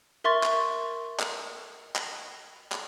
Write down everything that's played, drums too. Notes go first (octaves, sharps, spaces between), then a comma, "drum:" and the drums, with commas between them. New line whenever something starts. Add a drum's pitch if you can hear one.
A#4 E5 C6 C#6 A6
drum: clap
drum: clap
drum: clap
drum: clap